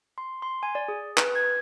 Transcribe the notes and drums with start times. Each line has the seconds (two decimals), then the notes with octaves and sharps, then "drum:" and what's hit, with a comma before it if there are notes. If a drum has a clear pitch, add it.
0.18 C6
0.42 C6
0.63 G#5
0.75 D5
0.88 G#4
1.17 B4, drum: clap
1.35 G#6